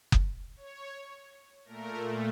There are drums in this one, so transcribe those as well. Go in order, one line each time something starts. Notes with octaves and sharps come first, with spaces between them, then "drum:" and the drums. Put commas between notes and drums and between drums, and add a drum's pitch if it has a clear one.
drum: kick F#1
C#5
A#2 A3 A#4